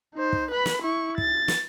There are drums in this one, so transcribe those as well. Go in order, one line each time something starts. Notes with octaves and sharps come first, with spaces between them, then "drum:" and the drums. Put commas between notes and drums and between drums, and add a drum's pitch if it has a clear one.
D#4 C5
drum: kick
B4 B5
drum: snare
E4 C#6
A6, drum: kick
drum: snare